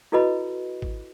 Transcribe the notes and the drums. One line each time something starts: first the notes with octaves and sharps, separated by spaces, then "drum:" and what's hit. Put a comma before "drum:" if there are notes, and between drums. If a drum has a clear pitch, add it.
E4 F#4 A4 B4 D#5 B5
drum: kick